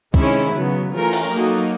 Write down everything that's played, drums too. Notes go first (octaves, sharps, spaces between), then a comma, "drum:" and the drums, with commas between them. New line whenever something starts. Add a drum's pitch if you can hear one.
C3 D#3 G#3 C#4 E4, drum: kick
C#3 F#3 B3
E3 A3 C#4 F4 A#4
drum: cymbal
F#3 A#3 D#4 F#4 A4